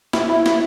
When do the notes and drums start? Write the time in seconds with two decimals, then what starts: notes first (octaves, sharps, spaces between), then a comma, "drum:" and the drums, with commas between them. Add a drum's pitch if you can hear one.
0.13 E4, drum: snare
0.30 E4
0.46 E4, drum: snare